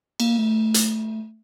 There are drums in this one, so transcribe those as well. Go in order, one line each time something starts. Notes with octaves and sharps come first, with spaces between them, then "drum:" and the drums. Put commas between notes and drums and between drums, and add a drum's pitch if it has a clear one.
A#3, drum: cymbal
A3
drum: hi-hat